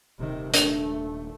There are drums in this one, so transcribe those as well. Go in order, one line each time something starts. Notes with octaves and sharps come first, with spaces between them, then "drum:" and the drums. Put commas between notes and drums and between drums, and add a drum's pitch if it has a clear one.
D#1 C3 D#3
A3 D4, drum: hi-hat